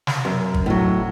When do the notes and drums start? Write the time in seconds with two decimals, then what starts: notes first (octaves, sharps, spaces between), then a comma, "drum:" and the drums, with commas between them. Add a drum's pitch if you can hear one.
0.07 drum: snare
0.25 F#2
0.54 drum: kick
0.66 A2 F#3